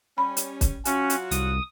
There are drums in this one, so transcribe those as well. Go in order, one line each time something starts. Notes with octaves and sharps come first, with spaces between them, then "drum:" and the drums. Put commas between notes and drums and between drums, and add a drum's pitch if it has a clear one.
G3 C#4 B5
drum: hi-hat
drum: kick, hi-hat
F#3 C#4 F4 F#4, drum: hi-hat
drum: hi-hat
C2 D#6, drum: hi-hat